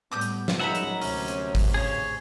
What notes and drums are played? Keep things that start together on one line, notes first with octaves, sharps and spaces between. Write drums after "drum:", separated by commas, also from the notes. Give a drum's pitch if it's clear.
A2 G3 B3 D6 D#6 G6
drum: hi-hat
drum: snare
F#2 F#3 G#3 D#4 E5 F#5 A#5 B5
drum: hi-hat
D2 C3 C#4, drum: open hi-hat
drum: hi-hat
drum: kick G#1, open hi-hat
C#3 G#4 C#5